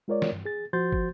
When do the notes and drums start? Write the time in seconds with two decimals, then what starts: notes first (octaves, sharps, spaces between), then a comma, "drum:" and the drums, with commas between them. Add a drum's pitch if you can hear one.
0.08 G#3 F4 A#4 C#5 D5
0.22 drum: snare
0.32 G2
0.45 G#4 A6
0.73 F3 F#4 C5 C6 G6 A6
0.92 drum: kick